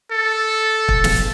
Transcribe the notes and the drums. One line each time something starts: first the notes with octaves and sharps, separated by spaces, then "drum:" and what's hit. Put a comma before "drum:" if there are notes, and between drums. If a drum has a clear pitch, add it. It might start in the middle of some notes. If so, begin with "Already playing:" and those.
A4
drum: kick
drum: snare